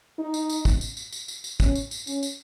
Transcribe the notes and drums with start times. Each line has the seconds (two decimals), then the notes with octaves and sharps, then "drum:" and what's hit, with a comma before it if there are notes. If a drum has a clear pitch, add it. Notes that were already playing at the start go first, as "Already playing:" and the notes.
0.19 D#4
0.34 drum: tambourine
0.50 drum: tambourine
0.65 drum: kick, tambourine
0.81 drum: tambourine
0.97 drum: tambourine
1.12 drum: tambourine
1.28 drum: tambourine
1.44 drum: tambourine
1.60 C#4, drum: kick, tambourine
1.75 drum: tambourine
1.91 drum: tambourine
2.07 C#4, drum: tambourine
2.23 drum: tambourine